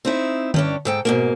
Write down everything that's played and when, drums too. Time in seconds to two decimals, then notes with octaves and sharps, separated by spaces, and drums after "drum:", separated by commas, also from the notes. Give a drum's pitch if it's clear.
0.05 C4 D#4 E4
0.54 G2 C#4 D4, drum: tom D3
0.85 G#2 A4 G5
1.05 G#2 B2 A#3